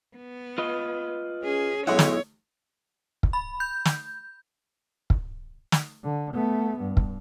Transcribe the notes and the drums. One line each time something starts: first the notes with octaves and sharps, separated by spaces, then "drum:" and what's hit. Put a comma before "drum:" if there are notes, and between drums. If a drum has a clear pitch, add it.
B3
F4 B4 D#5
C#4 G#4
B1 G#3 E4 C#5 F#5
drum: snare
drum: kick
B5
G6
drum: snare
drum: kick
drum: snare
D3
A3 B3
G2
drum: kick